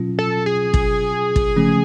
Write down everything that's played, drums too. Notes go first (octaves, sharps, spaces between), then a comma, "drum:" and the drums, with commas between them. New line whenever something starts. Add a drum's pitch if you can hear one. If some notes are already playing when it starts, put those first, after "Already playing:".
Already playing: B2 F#3 C#4 F4
A4
G#4
drum: kick
drum: kick
C#3 F3 A3 C#4